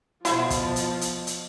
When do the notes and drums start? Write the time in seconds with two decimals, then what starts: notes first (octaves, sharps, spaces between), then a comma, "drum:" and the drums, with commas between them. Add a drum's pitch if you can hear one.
0.25 B2 F3 E4 F#4 C5, drum: hi-hat
0.50 drum: kick, hi-hat
0.76 drum: hi-hat
1.01 drum: hi-hat
1.27 drum: hi-hat